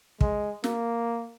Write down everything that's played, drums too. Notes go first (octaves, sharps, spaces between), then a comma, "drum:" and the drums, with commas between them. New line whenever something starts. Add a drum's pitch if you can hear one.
G#3, drum: kick
A#3, drum: snare